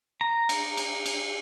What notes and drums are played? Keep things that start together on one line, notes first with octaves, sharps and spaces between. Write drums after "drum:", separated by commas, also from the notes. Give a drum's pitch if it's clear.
A#5
drum: cymbal
drum: cymbal
drum: cymbal